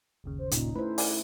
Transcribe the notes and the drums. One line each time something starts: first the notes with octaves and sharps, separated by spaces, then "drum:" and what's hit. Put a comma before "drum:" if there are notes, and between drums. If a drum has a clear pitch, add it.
G1 D#2 C#3
C5
A#2 C#4 D#4, drum: hi-hat
A3 E4 B4 C5
D5 F#5 G#5, drum: open hi-hat